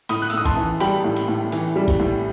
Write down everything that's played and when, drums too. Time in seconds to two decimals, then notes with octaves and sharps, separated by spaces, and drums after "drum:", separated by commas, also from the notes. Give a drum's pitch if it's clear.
0.09 A2 B5 D#6, drum: cymbal
0.22 F#6
0.30 E6, drum: cymbal
0.33 A2 D#6
0.45 A5 C6, drum: kick A1, cymbal
0.57 E3
0.80 G3 G5 B5, drum: cymbal
1.04 A2
1.16 drum: cymbal
1.28 A2
1.52 E3, drum: cymbal
1.76 G3
1.88 drum: kick A1, cymbal
2.00 A2